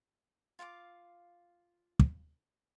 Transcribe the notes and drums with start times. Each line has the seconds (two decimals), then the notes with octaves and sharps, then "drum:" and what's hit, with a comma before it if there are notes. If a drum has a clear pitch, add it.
0.59 F4 F5 G#5 D6
1.99 drum: kick